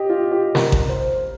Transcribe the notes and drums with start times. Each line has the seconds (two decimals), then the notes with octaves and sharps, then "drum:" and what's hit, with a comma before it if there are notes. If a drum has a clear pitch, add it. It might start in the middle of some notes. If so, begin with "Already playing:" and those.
Already playing: G4 D#5
0.09 F4
0.32 G4
0.55 A#4, drum: snare
0.72 drum: kick A1
0.89 C5